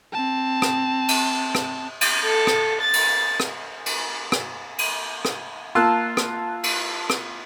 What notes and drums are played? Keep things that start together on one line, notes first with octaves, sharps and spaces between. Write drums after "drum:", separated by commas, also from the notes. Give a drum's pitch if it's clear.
C4 A5
drum: rim click
drum: cymbal
drum: rim click
drum: cymbal
A4
drum: rim click
A6
drum: cymbal
drum: rim click
drum: cymbal
drum: rim click
drum: cymbal
drum: rim click
A#3 F4 A5 E6 F#6
drum: rim click
drum: cymbal
drum: rim click